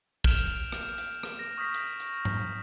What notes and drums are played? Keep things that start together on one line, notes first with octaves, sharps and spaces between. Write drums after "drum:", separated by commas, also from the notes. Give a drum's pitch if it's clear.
F6 G6 D7 E7 F7, drum: kick
drum: hi-hat
D7 E7, drum: rim click
drum: hi-hat
drum: rim click
A#6
C#6 D#6 F6 G6 A#6 B6
drum: hi-hat
drum: hi-hat
drum: tom G#2